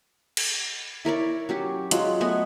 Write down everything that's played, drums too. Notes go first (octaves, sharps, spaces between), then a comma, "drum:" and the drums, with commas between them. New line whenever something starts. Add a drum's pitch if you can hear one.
drum: cymbal
E4 A#4 C#5 D5
F#3 C#4 G4
F#3 G#3 F4, drum: hi-hat
A3 B3 D#5 G#5